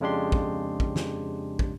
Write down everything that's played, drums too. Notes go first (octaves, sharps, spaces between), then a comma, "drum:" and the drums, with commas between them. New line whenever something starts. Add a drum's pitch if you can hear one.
F2 C#3 G#3 D4 G4 C6
drum: kick
drum: kick
drum: snare
drum: kick